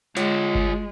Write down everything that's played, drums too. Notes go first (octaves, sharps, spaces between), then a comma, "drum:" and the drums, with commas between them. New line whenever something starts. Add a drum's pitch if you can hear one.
G#3 F4 C#5, drum: hi-hat
drum: kick G1